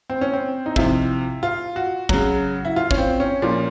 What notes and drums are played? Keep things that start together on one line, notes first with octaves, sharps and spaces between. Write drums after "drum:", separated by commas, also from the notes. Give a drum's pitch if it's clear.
C4
C#4
C4
D#4
C3 F3 E4, drum: kick
F4
F#4
C#3 F#3, drum: kick
E4
F4
C#4, drum: kick
C4
C#4
A#2 F3